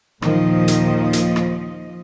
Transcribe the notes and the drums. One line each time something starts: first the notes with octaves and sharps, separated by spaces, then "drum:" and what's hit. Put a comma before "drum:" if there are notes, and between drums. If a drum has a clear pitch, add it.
D#2 A#2 D#3 F3 D#5, drum: rim click
drum: hi-hat
drum: hi-hat
drum: rim click